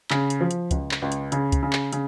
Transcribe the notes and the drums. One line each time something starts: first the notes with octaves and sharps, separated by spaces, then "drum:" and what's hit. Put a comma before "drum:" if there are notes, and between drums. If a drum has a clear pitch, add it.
C#3, drum: clap
drum: hi-hat
F3
drum: hi-hat
C#2, drum: kick C#2, hi-hat
drum: clap
C#2
drum: hi-hat
C#3, drum: hi-hat
drum: kick C#2, hi-hat
C#3
drum: clap
C#3, drum: hi-hat